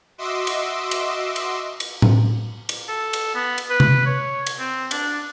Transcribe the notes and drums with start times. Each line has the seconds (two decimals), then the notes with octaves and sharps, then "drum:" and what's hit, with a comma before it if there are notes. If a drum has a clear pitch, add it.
0.18 F#4 D#5 E5 C6 D6 E6
0.47 drum: cymbal
0.91 drum: cymbal
1.36 drum: cymbal
1.80 drum: cymbal
2.02 drum: tom A2
2.69 drum: cymbal
2.88 A4
3.13 drum: cymbal
3.35 B3
3.58 drum: cymbal
3.70 B4
3.80 drum: tom C3
4.06 C#5
4.47 drum: cymbal
4.59 C4
4.91 D4, drum: cymbal